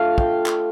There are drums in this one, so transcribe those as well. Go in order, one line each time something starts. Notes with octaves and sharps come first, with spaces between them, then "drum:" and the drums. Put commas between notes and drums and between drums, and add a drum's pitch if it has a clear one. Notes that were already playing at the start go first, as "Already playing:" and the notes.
Already playing: A3 D4 F4 F5
G5, drum: kick
drum: clap